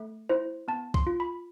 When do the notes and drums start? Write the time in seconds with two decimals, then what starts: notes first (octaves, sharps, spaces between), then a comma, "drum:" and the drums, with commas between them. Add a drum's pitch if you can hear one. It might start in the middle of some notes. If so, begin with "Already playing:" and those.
Already playing: A3
0.29 E4 C5
0.68 B3 A5
0.94 C6, drum: kick B1
1.07 F4
1.20 B5